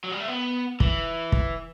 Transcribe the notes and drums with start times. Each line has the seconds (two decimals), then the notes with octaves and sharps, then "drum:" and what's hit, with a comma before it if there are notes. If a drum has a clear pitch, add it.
0.04 F#3
0.11 G3
0.20 A3
0.28 B3
0.80 E3, drum: kick
1.32 drum: kick